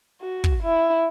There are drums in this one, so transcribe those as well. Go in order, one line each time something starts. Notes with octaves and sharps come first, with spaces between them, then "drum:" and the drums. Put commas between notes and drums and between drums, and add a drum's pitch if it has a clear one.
F#4
drum: kick
E4